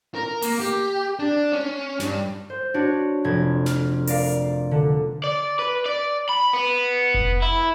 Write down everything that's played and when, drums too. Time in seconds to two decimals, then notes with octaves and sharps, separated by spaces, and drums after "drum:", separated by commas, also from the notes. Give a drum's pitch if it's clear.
0.15 A#4
0.42 A#3, drum: open hi-hat
0.60 G4
1.19 D4
1.53 C#4
2.00 G2, drum: snare
2.50 C5
2.74 D4 F#4 C#5
3.24 F1 G#6
3.66 F6, drum: snare
4.07 A#4 D5 F5, drum: open hi-hat
4.71 D3
5.24 D5
5.59 B4
5.86 D5
6.29 B5
6.53 B3
7.14 drum: kick F1
7.42 E4